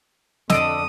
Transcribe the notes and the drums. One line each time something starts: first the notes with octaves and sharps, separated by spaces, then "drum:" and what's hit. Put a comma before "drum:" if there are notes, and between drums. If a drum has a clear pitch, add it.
F2 D3 D#5 D#6 E6 D7, drum: snare